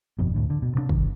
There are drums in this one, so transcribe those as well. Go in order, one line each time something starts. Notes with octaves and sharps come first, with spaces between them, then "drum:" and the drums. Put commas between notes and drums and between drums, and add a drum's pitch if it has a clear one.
G1 F2 B2
D2 A2 D3
D3
B2
C3 A3 D4
D1 G1 C2 D#3, drum: kick